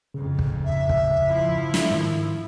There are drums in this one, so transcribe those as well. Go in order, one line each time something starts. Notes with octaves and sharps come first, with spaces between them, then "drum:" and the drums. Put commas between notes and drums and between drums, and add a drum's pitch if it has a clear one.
F2 G#2 C#3
drum: kick
E5
drum: kick
F3 E4
drum: snare
G#2 D#3